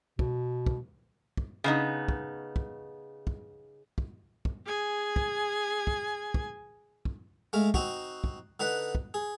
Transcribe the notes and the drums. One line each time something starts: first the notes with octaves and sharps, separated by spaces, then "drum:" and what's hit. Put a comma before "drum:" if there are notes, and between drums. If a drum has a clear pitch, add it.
B2, drum: kick
drum: kick
drum: kick
C#3 B3 D#4
drum: kick
drum: kick
drum: kick
drum: kick
drum: kick
G#4 G#5
drum: kick
drum: kick
drum: kick
drum: kick
G#3 A3 F5
C4 D#4 F#4, drum: kick
drum: kick
D3 D#4 B4 F#5
drum: kick
G#4